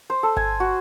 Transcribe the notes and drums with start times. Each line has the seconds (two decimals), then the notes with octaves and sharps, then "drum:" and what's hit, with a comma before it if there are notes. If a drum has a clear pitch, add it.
0.10 C5
0.23 A4
0.37 G#5, drum: kick G1
0.60 F#4